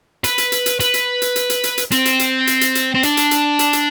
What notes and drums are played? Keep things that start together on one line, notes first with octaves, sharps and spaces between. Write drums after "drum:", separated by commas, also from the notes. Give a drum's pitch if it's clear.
B4, drum: hi-hat
drum: hi-hat
drum: hi-hat
drum: hi-hat
B4, drum: hi-hat
drum: hi-hat
drum: hi-hat
drum: hi-hat
drum: hi-hat
drum: hi-hat
drum: hi-hat
C4, drum: hi-hat
drum: hi-hat
drum: hi-hat
drum: hi-hat
drum: hi-hat
drum: hi-hat
C4
D4, drum: hi-hat
drum: hi-hat
drum: hi-hat
drum: hi-hat
drum: hi-hat